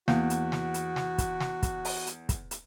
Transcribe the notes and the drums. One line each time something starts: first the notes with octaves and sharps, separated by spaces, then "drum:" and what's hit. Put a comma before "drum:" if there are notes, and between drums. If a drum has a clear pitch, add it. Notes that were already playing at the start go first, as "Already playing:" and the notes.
E2 A#3 F#4 F5 F#5, drum: snare
drum: hi-hat
drum: snare
drum: hi-hat
drum: snare
drum: kick, hi-hat
drum: snare
drum: kick, hi-hat
drum: open hi-hat
drum: hi-hat
drum: kick, hi-hat
drum: hi-hat